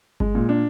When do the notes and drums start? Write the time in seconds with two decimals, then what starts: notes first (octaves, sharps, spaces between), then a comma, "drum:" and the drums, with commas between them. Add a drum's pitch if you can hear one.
0.20 G#3, drum: kick G1
0.35 A#2
0.49 D4